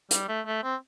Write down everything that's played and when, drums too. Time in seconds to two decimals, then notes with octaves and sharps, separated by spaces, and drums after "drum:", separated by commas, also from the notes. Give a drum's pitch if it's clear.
0.11 G3, drum: hi-hat
0.28 A3
0.46 A3
0.63 C4